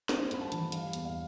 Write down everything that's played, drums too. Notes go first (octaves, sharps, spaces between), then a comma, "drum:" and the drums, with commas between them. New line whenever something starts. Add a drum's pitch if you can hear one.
A3 C5, drum: snare
G2 B5, drum: hi-hat
A5
E3, drum: hi-hat
G3 F5, drum: hi-hat
E2, drum: hi-hat
F5